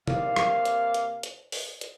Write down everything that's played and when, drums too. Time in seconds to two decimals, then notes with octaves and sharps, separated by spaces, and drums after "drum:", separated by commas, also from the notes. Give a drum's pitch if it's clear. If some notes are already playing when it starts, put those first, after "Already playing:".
0.07 C3 A#3 D5 F5, drum: tom
0.36 drum: rim click
0.65 drum: hi-hat
0.94 drum: hi-hat
1.23 drum: hi-hat
1.52 drum: open hi-hat
1.81 drum: hi-hat